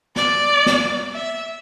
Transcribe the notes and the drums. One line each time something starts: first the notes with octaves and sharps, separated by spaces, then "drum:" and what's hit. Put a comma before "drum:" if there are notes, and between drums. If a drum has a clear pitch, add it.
D5, drum: snare
drum: snare
E5